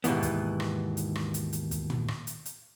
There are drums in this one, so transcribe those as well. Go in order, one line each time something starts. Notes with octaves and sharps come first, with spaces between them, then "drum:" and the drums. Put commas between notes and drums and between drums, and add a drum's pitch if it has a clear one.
D#2 G#2 B2 E3 B3, drum: hi-hat
drum: kick, hi-hat
drum: rim click
drum: hi-hat
drum: rim click
drum: hi-hat
drum: hi-hat
drum: kick, hi-hat
drum: tom
drum: rim click
drum: hi-hat
drum: hi-hat